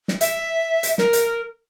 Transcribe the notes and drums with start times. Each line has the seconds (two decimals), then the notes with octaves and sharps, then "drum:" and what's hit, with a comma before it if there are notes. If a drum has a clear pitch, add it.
0.08 drum: snare
0.21 E5, drum: hi-hat
0.83 drum: hi-hat
0.98 A#4, drum: snare
1.13 drum: hi-hat